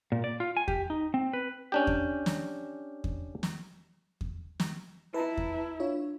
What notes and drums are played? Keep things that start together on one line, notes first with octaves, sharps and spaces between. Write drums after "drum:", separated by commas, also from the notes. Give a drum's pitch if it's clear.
A#2
D5
F4
G#5
G4, drum: kick E2
D#4
C4
B4
C#4 D4 G4
drum: kick E2
drum: snare
drum: kick E2
drum: snare
drum: kick E2
drum: snare
E4 B4 A5 A#5
drum: kick E2
D4 F4 C#5